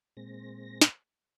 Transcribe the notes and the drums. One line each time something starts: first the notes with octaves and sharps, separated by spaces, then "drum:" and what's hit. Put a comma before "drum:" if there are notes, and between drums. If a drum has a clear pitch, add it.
A#2 G#3 C4 A#6
drum: snare